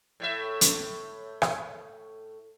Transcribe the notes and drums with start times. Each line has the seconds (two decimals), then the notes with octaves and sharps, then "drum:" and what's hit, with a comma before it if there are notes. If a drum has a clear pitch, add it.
0.20 A2 C#5 E5
0.61 drum: hi-hat
1.42 drum: rim click